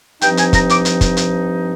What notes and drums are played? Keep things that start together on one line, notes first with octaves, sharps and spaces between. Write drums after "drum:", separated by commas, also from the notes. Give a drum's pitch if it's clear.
G2 F3 C4 D#4 G5, drum: hi-hat
G#5, drum: hi-hat
A#5, drum: kick, hi-hat
D6, drum: hi-hat
drum: hi-hat
drum: kick, hi-hat
drum: hi-hat